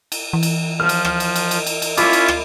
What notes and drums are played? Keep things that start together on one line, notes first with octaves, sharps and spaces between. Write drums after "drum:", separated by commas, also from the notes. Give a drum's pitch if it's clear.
drum: cymbal
E3
drum: cymbal
F3 F6
drum: cymbal
drum: rim click
drum: cymbal
drum: cymbal
drum: cymbal
drum: cymbal
drum: cymbal
C#4 E4 F4 E5 B5 D6, drum: cymbal
drum: cymbal
drum: rim click